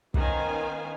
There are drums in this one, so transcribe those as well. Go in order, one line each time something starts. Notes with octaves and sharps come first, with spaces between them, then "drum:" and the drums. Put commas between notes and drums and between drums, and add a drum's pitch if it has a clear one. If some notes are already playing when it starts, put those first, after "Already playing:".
D#3 B3 C#4 C5 F5 G#5, drum: kick